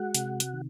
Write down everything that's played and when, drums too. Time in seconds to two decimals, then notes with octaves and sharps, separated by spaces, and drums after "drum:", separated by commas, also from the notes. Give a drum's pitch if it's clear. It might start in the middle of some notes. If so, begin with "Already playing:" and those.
Already playing: G#3 F#4 F#5
0.15 C3, drum: hi-hat
0.40 drum: hi-hat
0.53 D#3